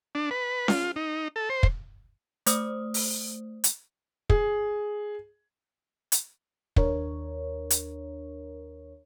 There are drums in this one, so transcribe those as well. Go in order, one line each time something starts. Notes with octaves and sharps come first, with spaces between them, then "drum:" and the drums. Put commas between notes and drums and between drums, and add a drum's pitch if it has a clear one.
D4
B4
F4, drum: snare C#4
D#4
A4
C5
drum: kick
A3 C5 D#6, drum: hi-hat
drum: open hi-hat
drum: hi-hat
G#4, drum: kick
drum: hi-hat
D#2 D4 A#4 C#5, drum: kick
drum: hi-hat